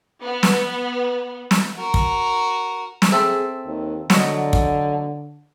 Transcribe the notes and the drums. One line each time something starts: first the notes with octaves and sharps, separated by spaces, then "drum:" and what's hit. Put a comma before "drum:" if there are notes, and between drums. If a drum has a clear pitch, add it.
B3
drum: snare
drum: snare
F#4 A#4
drum: kick
drum: snare
C4 G#4 A4 E5
D#2
D3 F#3 D#5, drum: snare
drum: kick